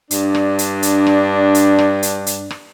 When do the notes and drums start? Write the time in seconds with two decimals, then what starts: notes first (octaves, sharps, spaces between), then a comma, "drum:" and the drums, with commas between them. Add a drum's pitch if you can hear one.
0.11 G2 D4, drum: hi-hat
0.35 drum: rim click
0.59 drum: hi-hat
0.83 drum: hi-hat
1.07 drum: rim click
1.55 drum: hi-hat
1.79 drum: rim click
2.03 drum: hi-hat
2.27 drum: hi-hat
2.51 drum: rim click